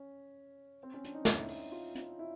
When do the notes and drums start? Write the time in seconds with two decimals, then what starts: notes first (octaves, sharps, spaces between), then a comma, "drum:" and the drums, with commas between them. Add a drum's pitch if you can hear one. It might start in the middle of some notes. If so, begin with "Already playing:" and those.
Already playing: C#4
0.83 C4
0.94 C#4
1.04 D4, drum: hi-hat
1.14 D#4
1.25 E4, drum: snare
1.48 drum: open hi-hat
1.72 F4
1.95 drum: hi-hat
2.19 E4